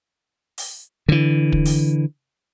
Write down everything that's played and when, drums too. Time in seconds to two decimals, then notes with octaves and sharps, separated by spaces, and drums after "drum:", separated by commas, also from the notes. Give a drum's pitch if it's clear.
0.58 drum: open hi-hat
1.09 D3 E3
1.52 drum: kick
1.65 drum: open hi-hat